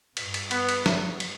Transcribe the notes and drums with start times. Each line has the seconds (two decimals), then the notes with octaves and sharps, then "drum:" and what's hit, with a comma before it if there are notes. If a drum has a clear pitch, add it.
0.17 G2, drum: cymbal
0.34 drum: cymbal
0.51 B3, drum: cymbal
0.69 drum: cymbal
0.86 drum: snare
1.20 drum: cymbal